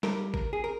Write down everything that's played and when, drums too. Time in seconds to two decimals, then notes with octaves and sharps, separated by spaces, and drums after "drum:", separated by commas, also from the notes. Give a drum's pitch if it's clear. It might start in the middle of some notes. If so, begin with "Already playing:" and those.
0.03 G2 G3 A#4, drum: snare
0.34 A#4, drum: kick G#1
0.53 G#4
0.64 A#4